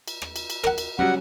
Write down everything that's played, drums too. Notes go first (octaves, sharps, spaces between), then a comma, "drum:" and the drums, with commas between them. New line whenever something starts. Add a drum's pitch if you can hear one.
drum: cymbal
drum: rim click
drum: cymbal
drum: cymbal
A#4 F#5, drum: rim click
drum: cymbal
F#3 G3 C#4 F#4 F#5